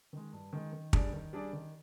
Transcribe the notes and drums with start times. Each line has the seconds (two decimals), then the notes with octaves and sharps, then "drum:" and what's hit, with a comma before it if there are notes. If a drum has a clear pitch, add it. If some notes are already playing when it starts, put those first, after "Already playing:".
0.13 D#3 G#3
0.33 G2
0.53 D#3 G#3
0.73 D#3
0.93 G3 D4 G#4 D5, drum: kick
1.13 D#3
1.33 G3 D4 G#4 D5
1.53 D#3